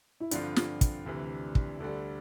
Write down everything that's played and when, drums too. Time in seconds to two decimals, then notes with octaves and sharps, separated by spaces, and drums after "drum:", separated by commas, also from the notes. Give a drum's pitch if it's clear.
0.20 E4
0.31 G2 D3 F3 C4 D4 F4, drum: hi-hat
0.56 drum: snare
0.81 drum: kick, hi-hat
1.06 D2 C3 E3
1.55 drum: kick
1.80 D2 D3 G3 A4